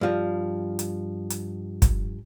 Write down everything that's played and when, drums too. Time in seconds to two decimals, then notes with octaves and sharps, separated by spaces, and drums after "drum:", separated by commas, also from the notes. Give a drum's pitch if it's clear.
0.01 G2 F3
0.79 drum: hi-hat
1.30 drum: hi-hat
1.82 drum: kick, hi-hat